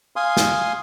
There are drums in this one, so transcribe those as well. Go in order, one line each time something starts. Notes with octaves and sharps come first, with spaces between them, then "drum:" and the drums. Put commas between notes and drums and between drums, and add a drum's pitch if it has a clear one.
F5 G#5 C6 D#6
drum: snare